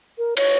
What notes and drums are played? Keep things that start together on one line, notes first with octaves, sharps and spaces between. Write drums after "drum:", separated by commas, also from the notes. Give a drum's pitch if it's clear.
A#4
C#5, drum: cymbal